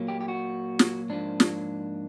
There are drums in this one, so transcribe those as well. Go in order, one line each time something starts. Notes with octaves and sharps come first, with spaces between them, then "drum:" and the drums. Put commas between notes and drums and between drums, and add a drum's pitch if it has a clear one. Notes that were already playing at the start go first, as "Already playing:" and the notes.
Already playing: A#2 F#3 A#3
G4
G4
F#4
drum: snare
G#2 F3 A#3 D4
drum: snare